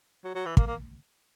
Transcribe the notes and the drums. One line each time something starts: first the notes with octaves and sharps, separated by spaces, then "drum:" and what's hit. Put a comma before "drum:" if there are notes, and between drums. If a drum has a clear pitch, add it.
F#3
F#3
E3
A#3, drum: kick
A#3